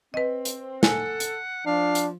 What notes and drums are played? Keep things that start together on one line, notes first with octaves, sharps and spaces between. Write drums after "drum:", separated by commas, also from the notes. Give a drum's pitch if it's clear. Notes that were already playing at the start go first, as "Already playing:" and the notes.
C4 B4 D#5
drum: hi-hat
A4 F#5 G#5, drum: snare
drum: hi-hat
F3 D4 F5
drum: hi-hat